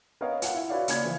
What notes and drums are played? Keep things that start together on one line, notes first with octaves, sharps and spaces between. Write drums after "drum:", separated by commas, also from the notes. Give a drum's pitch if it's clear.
B3 A#4 C#5 D#5 F5
F4 F#5, drum: hi-hat
E4
F4 F#4 B4 C#5 D5 F5
C#3 A#3 D5 B5 G#6, drum: hi-hat
C#3 E3 F3